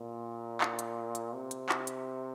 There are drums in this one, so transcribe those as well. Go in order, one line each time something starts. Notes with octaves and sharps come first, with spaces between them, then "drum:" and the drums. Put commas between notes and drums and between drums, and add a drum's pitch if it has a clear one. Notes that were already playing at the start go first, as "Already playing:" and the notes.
Already playing: A#2
drum: clap
drum: hi-hat
drum: hi-hat
C3
drum: hi-hat
drum: clap
drum: hi-hat